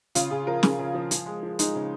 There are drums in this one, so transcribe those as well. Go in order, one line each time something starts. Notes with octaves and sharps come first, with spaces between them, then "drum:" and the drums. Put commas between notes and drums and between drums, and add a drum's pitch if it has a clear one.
C#3 F4, drum: hi-hat
C#3 G#4
F3 A#4
C#3 G#4, drum: snare
C#3
F3
F3, drum: hi-hat
G#3
F3
G#3 D#4, drum: hi-hat
C#3